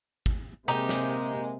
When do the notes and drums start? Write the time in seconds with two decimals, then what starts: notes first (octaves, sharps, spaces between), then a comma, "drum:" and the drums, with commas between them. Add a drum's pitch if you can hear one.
0.26 drum: kick
0.68 C3 G#3 A#3 D#4 G4
0.89 drum: snare